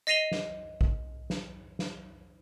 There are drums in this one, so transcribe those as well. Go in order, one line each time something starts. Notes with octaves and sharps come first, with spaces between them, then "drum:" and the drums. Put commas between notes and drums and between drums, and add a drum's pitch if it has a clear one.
D#5 A#6 C7 D#7 F7 G7
drum: snare
drum: kick
drum: snare
drum: snare